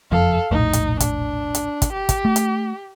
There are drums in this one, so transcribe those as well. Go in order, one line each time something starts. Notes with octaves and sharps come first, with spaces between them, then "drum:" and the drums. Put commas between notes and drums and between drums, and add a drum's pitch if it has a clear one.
F#1 F2 F3 A4 F5
E1 A#1 A2 D#4
drum: hi-hat
D4, drum: kick, hi-hat
drum: hi-hat
drum: kick, hi-hat
G4
drum: kick, hi-hat
A3
drum: hi-hat